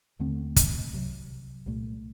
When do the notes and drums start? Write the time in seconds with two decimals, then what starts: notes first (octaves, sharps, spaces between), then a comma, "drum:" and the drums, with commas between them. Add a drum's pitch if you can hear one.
0.19 D#2 D3 A3 C4
0.56 drum: kick, hi-hat
0.93 C2 C3 F#3
1.66 C2 A#2 A3